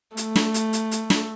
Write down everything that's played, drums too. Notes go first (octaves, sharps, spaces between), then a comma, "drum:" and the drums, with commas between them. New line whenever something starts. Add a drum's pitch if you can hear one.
A3, drum: hi-hat
drum: snare
drum: hi-hat
drum: hi-hat
drum: hi-hat
drum: snare